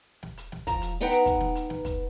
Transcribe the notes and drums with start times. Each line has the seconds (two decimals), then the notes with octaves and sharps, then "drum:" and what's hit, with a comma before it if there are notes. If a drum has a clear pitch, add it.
0.23 drum: snare
0.37 drum: hi-hat
0.52 drum: snare
0.67 F3 A#5, drum: kick, hi-hat
0.82 drum: hi-hat
1.01 B3 D#4 B4 F#5 G5 A#5
1.11 drum: hi-hat
1.26 drum: kick, hi-hat
1.41 drum: snare
1.55 drum: hi-hat
1.70 drum: snare
1.85 drum: kick, hi-hat